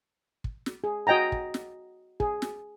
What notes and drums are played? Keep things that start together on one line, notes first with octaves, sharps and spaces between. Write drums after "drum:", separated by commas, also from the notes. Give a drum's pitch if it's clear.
drum: kick
drum: snare
G#4
F#4 D#5 G5 G#5 A#5
drum: kick
drum: snare
G#4, drum: kick
drum: snare